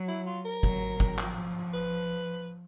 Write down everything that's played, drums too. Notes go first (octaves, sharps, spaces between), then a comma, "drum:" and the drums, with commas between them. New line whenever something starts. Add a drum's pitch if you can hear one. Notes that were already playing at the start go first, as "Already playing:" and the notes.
Already playing: F#3
E4
F4
A#4
F#3, drum: kick
drum: kick
F3, drum: clap
B4